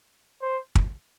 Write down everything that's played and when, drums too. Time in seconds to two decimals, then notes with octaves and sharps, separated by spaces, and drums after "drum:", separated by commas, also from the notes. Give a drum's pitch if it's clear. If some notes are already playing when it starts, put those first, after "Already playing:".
0.42 C5
0.75 drum: kick